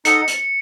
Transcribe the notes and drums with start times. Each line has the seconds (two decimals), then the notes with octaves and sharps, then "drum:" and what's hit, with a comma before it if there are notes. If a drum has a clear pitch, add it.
0.05 D#4 A4 D#5 F#5 C#7, drum: hi-hat
0.28 drum: hi-hat